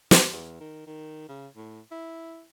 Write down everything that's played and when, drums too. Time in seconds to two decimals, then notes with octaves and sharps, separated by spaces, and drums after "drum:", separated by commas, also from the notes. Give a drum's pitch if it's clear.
0.11 E2, drum: snare
0.32 E2
0.60 D#3
0.87 D#3
1.29 C#3
1.56 A2
1.91 E4